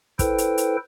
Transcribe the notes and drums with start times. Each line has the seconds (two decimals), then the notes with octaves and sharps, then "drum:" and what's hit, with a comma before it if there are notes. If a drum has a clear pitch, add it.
0.19 E4 A4 B4 C5 G5, drum: kick, hi-hat
0.38 drum: hi-hat
0.58 drum: hi-hat